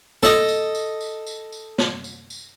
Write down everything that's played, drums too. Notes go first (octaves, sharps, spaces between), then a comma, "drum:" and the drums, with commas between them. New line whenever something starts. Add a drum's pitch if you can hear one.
A4 D#5, drum: snare
drum: tambourine
drum: tambourine
drum: tambourine
drum: tambourine
drum: tambourine
drum: snare
drum: tambourine
drum: tambourine